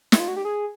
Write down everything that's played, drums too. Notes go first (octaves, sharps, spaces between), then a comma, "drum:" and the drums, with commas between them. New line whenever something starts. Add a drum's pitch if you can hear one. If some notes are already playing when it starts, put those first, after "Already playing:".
E4, drum: snare
F4
F#4
G4
G#4